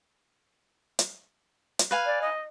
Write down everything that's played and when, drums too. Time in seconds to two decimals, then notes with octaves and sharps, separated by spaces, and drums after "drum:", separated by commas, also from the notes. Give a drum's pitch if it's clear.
0.99 drum: hi-hat
1.79 drum: hi-hat
1.91 B4 F5 G#5
2.06 D5
2.21 D#5